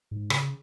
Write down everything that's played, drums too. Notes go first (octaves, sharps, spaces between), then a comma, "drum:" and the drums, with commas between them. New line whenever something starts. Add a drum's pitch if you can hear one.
G#2
C#3, drum: rim click